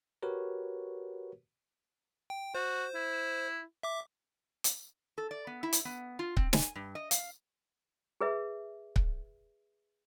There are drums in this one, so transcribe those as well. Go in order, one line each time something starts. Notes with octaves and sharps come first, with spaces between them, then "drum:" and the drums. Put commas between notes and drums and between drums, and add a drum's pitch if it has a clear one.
F#4 G4 A#4 B4 C#5
G5
F#4 C5
E4
E5 D6
drum: hi-hat
A4
D5
B3
E4
drum: hi-hat
B3
F4
C4, drum: kick C#1
G#5, drum: snare
G2
D#5
F5, drum: hi-hat
G#4 B4 E5
drum: kick C#1